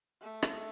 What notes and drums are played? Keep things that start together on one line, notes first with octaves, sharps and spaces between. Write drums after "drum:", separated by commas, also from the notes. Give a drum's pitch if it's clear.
A3
drum: rim click